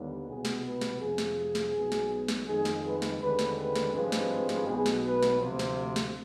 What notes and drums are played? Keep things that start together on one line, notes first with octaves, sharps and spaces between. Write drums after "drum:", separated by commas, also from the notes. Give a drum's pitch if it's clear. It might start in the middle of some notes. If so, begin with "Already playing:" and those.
Already playing: D#2 D3 G3 B3
C2 B2 B3 G#4
drum: snare
B4
drum: snare
F2 C3 F3 G#4
drum: snare
drum: snare
B1 B2 B3
drum: snare
drum: snare
F2 D#3 G#3 G#4
drum: snare
B4
drum: snare
D#2 D3 G#3 C4 B4
drum: snare
B4
drum: snare
G#1 G2 F3 G#3 C4 B4
drum: snare
drum: snare
B1 B2 B3 G#4
drum: snare
B4
drum: snare
D2 C3 F3 C5
drum: snare
drum: snare